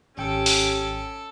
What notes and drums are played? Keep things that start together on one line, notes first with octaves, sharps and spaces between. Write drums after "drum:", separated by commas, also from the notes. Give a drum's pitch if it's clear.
G#1 C#4 G4 A4 G5 D6
drum: open hi-hat